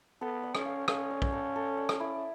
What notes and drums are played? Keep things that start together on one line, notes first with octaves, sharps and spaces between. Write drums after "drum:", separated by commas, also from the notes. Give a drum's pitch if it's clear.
B3 A4
D5
C#4, drum: rim click
F5
C#4 F5, drum: rim click
D5
drum: kick
A4
A4
D5
drum: rim click
E4